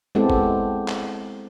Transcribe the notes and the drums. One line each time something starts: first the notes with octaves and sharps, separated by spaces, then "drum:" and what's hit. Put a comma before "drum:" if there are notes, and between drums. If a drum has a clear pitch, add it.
G#3 B3 C4 E4 G4 A4
drum: kick
drum: clap